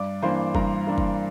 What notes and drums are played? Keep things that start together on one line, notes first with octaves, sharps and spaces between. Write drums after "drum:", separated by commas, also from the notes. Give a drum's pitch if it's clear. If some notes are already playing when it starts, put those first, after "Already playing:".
Already playing: G2 D5 D6
E3 A#3 D4 C5 C6
G2 A#4 A#5, drum: kick
E3 A#3 D4
drum: kick